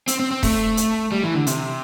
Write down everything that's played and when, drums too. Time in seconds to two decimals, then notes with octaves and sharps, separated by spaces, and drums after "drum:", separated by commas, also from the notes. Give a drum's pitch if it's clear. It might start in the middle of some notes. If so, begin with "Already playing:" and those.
0.08 C4, drum: hi-hat
0.20 C4
0.31 C4
0.43 A3, drum: kick E1, open hi-hat
0.77 drum: hi-hat
1.12 G3
1.23 E3
1.35 D3
1.47 C3, drum: hi-hat